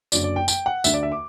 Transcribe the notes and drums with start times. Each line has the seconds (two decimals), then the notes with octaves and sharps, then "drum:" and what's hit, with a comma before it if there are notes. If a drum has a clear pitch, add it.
0.12 F#1 F#2 D3 D5, drum: tambourine
0.24 D5
0.36 G5
0.48 G5, drum: tambourine
0.66 F#5
0.84 D2 D3 E5, drum: tambourine
0.94 D5
1.03 E5
1.12 D6